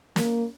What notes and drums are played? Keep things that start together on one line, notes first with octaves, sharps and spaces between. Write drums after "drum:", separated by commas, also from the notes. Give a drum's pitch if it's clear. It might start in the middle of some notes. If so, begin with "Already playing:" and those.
A#3, drum: snare